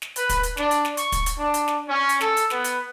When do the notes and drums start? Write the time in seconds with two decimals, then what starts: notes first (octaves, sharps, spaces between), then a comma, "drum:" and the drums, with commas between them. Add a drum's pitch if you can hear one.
0.02 drum: snare
0.16 B4, drum: hi-hat
0.29 drum: kick, hi-hat
0.43 drum: hi-hat
0.57 D4, drum: snare
0.71 drum: hi-hat
0.85 drum: snare
0.97 C#6, drum: hi-hat
1.12 drum: kick, hi-hat
1.26 drum: hi-hat
1.36 D4
1.54 drum: hi-hat
1.68 drum: snare
1.87 C#4
2.09 drum: hi-hat
2.21 A4, drum: snare
2.37 drum: hi-hat
2.50 B3, drum: snare
2.64 drum: hi-hat